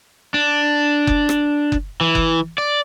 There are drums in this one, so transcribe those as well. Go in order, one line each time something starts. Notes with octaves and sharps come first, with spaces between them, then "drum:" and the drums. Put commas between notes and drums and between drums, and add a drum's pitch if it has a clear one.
D4
drum: kick F#1
drum: rim click
drum: kick F#1
E3
drum: kick F#1
D5